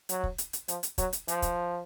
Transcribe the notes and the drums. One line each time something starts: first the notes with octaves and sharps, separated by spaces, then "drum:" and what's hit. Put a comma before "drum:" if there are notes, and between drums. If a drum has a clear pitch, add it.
F#3, drum: hi-hat
drum: kick
drum: hi-hat
drum: hi-hat
F3, drum: hi-hat
drum: hi-hat
F#3, drum: kick, hi-hat
drum: hi-hat
F3, drum: hi-hat
drum: kick, hi-hat